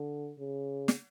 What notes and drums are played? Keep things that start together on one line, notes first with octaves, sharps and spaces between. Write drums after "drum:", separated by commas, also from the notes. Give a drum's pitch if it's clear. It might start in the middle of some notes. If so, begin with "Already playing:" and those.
Already playing: D3
C#3
drum: snare